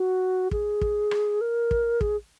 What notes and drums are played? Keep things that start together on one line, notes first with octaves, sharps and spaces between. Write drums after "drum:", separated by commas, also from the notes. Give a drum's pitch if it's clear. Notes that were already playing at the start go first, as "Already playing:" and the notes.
Already playing: F#4
G#4, drum: kick
drum: kick
drum: rim click
A#4
drum: kick
G#4, drum: kick